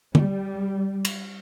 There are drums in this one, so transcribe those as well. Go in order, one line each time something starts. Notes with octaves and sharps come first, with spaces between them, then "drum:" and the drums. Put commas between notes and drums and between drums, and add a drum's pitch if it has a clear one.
G3, drum: tom
drum: cymbal